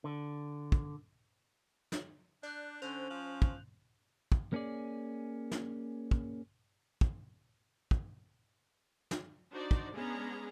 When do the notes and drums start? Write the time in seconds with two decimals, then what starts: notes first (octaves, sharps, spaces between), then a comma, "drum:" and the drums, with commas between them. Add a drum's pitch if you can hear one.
0.04 D3
0.72 drum: kick
1.92 drum: snare
2.43 D4 D5 F#6 G6
2.82 D3 C#4 C5 F7
3.10 F3 F#7
3.42 drum: kick
4.32 drum: kick
4.53 A#3 C#4 G#4 D5
5.51 drum: snare
6.11 drum: kick
7.01 drum: kick
7.91 drum: kick
9.11 drum: snare
9.52 D4 D#4 F#4 C5 D5
9.71 drum: kick
9.95 G#3 B3 C#4 D4 G#4 A#5